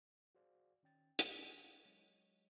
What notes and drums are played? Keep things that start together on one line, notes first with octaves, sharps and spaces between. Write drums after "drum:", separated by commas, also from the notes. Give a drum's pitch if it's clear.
F#4 G#4 C5 D5 F5
D#3 C#4 G5 A6
D#5 G5 G#5, drum: hi-hat
F#3 G#3 C#5 D#5